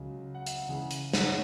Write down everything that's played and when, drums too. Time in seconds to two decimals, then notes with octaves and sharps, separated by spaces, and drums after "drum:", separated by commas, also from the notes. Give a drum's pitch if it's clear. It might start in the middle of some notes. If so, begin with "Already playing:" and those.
Already playing: C#2 C#3 F#3
0.35 F#5
0.46 E5, drum: hi-hat
0.58 F#5
0.69 C#2 C#3 E3
0.91 drum: hi-hat
1.13 F#5, drum: snare
1.28 C#5